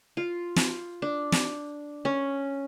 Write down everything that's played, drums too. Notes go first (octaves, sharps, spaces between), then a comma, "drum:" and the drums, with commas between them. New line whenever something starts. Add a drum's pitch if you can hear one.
F4
drum: snare
D4
drum: snare
C#4